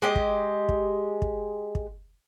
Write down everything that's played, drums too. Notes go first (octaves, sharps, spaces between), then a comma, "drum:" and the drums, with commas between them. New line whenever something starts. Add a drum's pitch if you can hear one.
G#3 G4 D#5
drum: kick
drum: kick
drum: kick
drum: kick